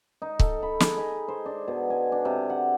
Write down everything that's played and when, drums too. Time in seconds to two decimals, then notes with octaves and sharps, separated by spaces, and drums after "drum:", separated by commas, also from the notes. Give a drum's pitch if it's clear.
0.22 D#4
0.40 A4, drum: kick C#1
0.63 B5
0.80 G#4, drum: snare
0.98 D#5
1.28 C5
1.46 D4
1.68 B2
1.90 G#5
2.12 D4
2.25 C3
2.50 F#5